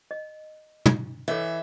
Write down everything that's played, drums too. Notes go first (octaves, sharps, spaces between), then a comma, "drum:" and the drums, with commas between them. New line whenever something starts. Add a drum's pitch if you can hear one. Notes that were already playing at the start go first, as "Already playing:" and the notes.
D#5
drum: tom
E3 A4 C#5 D#5 E5